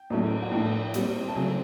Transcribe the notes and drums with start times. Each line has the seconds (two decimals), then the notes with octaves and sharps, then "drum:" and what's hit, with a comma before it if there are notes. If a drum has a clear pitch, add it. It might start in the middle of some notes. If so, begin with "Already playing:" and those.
Already playing: G5
0.10 A2 F#3 A3 C#4, drum: cymbal
0.42 F#5
0.52 A2 F3 A3 D4 G5
0.94 A#2 G3 C4, drum: hi-hat
1.28 A5
1.35 C#3 F#3 A3 C4 G#5